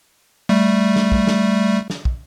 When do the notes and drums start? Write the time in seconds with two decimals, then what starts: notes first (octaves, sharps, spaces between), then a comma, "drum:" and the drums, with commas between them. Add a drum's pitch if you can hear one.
0.49 G3 A3
0.96 drum: snare
1.12 drum: kick
1.27 drum: snare
1.90 drum: snare
2.05 drum: kick